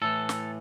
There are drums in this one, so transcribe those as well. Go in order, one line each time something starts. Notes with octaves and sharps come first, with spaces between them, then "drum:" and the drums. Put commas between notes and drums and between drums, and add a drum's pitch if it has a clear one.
A2 E3 A4
drum: snare